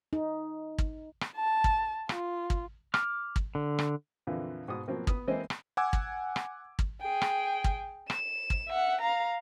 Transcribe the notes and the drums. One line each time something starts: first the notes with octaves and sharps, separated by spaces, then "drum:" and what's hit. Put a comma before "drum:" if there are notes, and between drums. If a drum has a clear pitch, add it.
D#4
drum: kick
drum: rim click
A5
drum: kick
F4, drum: rim click
drum: kick
D6 F6, drum: rim click
drum: kick
D3
drum: rim click
F2 A#2 D3 E3 A#3
G#2 B2 D#6
B2 F3 F#3 A#3 C4
B3 D#6, drum: kick
E3 G#3 A#3 C4 C5 D#5
drum: rim click
F#5 G#5 D6 E6 G#6
drum: kick
drum: rim click
drum: kick
G#4 G5
drum: rim click
drum: kick
E7, drum: rim click
drum: kick
E5 F#5
F5 A#5